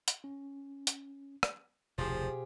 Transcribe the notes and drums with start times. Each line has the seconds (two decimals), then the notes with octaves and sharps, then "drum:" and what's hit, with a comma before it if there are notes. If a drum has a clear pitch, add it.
0.08 drum: hi-hat
0.24 C#4
0.87 drum: hi-hat
1.43 drum: rim click
1.98 F1 D2 B2 F3 F4 G4 G#4 C5